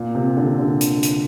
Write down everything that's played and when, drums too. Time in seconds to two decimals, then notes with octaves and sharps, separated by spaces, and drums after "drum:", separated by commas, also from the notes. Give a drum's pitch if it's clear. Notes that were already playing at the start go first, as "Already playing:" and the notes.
Already playing: A#2
0.15 C3
0.37 D3
0.58 D3
0.81 drum: hi-hat
1.03 drum: hi-hat